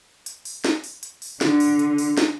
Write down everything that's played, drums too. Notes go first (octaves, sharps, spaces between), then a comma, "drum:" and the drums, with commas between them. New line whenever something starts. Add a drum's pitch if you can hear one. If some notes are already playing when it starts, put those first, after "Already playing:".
drum: hi-hat
drum: open hi-hat
drum: snare
drum: open hi-hat
drum: hi-hat
drum: open hi-hat
D3, drum: snare
drum: open hi-hat
drum: hi-hat
drum: open hi-hat
drum: snare